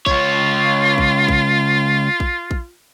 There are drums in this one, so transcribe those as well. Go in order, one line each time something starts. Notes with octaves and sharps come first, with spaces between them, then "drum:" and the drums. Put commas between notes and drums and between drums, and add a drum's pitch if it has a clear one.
C#2 F4 C#5, drum: kick A#1
drum: kick A#1
drum: kick A#1
drum: kick A#1
drum: kick A#1